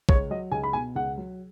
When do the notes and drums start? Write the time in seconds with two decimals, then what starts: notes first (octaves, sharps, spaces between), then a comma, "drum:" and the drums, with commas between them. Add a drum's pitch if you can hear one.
0.09 C#2 C#5, drum: kick
0.30 F#3 D#5
0.52 C#2 G#5
0.63 B5
0.73 B2 G#5
0.95 C#2 F#5
1.18 F#3